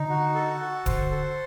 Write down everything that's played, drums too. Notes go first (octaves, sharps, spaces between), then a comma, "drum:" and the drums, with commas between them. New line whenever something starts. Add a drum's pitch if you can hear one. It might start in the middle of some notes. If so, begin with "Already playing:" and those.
Already playing: D3 D#4
F#4
A4
F#4
D3 C5, drum: kick D1, hi-hat
A4